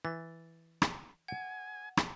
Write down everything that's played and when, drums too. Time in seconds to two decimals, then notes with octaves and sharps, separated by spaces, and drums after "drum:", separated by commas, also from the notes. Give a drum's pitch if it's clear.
0.05 E3 A6
0.82 drum: rim click
1.28 F#5 G#5
1.97 drum: rim click